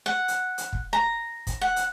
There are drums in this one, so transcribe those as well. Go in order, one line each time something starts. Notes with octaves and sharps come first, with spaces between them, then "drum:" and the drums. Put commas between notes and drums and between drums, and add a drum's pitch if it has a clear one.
F#5
drum: hi-hat
drum: hi-hat
drum: kick
A#5
drum: kick, hi-hat
F#5
drum: hi-hat